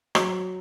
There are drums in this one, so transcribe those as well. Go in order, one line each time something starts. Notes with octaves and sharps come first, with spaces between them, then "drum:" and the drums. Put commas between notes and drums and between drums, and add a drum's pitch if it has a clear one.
F#3, drum: rim click